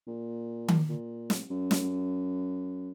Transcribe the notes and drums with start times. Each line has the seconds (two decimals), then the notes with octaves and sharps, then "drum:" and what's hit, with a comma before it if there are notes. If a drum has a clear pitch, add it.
0.07 A#2
0.68 drum: tom D#3
0.89 A#2
1.30 drum: snare
1.50 F#2
1.71 drum: snare